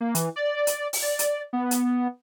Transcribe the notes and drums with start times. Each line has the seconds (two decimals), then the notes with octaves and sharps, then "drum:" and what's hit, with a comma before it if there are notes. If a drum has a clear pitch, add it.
0.01 A#3
0.15 E3, drum: hi-hat
0.36 D5
0.67 drum: hi-hat
0.93 drum: open hi-hat
1.02 D5
1.19 drum: hi-hat
1.53 B3
1.71 drum: hi-hat